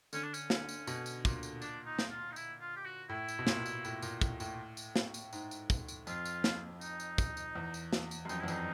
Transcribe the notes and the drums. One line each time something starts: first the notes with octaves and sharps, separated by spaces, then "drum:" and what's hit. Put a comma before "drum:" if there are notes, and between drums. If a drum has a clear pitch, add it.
D3 C#4, drum: tambourine
D4
C#4, drum: tambourine
drum: snare
drum: tambourine
B2, drum: tambourine
drum: tambourine
A#2, drum: kick, tambourine
drum: tambourine
D4, drum: tambourine
D#4
drum: snare
F4
D#4
E4, drum: tambourine
F4
G4
F#4
A2 E4
drum: tambourine
B2
A#2, drum: snare
drum: tambourine
A2, drum: tambourine
A#2, drum: tambourine
A2, drum: kick, tambourine
A2, drum: tambourine
drum: tambourine
drum: snare
drum: tambourine
G#2, drum: tambourine
drum: tambourine
drum: kick, tambourine
drum: tambourine
F2 F4, drum: tambourine
drum: tambourine
drum: snare
D#4, drum: tambourine
drum: tambourine
drum: kick, tambourine
drum: tambourine
E2
drum: tambourine
drum: snare
drum: tambourine
F#2
F2 D#4, drum: tambourine
E2 E4
F2 D#4, drum: tambourine